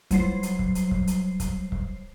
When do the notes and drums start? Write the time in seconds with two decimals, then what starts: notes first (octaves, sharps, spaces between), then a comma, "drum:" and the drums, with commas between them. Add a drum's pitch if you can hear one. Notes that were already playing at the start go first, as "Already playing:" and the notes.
0.11 F#3 G3 C7, drum: kick C#1, hi-hat
0.43 drum: hi-hat
0.59 drum: kick C#1
0.75 drum: hi-hat
0.91 drum: kick C#1
1.07 drum: hi-hat
1.40 drum: kick C#1, hi-hat
1.72 drum: kick C#1